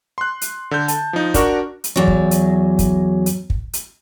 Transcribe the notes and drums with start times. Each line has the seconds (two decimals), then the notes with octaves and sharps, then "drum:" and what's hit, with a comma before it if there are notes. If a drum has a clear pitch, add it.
0.18 C6 F#6
0.41 drum: hi-hat
0.71 D3 G6
0.88 A5, drum: hi-hat
1.13 F3 D#4
1.34 D4 F#4 A#4 C#6 D6, drum: kick, hi-hat
1.84 drum: hi-hat
1.96 E2 F#3
2.07 drum: kick
2.31 drum: hi-hat
2.79 drum: kick, hi-hat
3.26 drum: hi-hat
3.50 drum: kick
3.73 drum: hi-hat